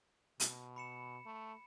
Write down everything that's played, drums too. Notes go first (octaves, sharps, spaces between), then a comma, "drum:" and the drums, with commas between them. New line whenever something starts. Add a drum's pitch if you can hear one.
B2, drum: hi-hat
B5 C#7 E7
A3